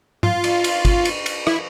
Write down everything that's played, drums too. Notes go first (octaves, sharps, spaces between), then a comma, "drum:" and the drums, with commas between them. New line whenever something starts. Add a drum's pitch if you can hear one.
F4, drum: tom
drum: cymbal
drum: cymbal
drum: kick G1, cymbal
drum: cymbal
drum: cymbal
E4, drum: rim click